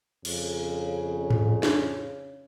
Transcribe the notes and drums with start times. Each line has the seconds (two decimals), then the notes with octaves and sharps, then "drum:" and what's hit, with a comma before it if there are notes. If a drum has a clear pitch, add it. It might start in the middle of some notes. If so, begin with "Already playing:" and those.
0.25 F2 C#3, drum: cymbal
1.30 drum: tom G#2
1.63 drum: snare